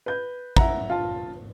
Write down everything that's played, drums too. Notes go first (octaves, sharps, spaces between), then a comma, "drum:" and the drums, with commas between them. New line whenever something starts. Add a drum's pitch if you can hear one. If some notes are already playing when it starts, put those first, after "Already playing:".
B4 G6
E4 F#5 A#5, drum: kick
F4 A5